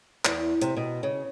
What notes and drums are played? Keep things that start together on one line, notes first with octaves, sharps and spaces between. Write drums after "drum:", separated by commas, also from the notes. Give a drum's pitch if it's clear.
E2, drum: clap
C3, drum: hi-hat
B2
C#3